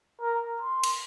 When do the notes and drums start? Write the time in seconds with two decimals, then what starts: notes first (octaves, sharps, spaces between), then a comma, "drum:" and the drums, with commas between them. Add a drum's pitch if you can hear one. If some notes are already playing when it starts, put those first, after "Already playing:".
0.20 A#4
0.62 C6
0.84 drum: cymbal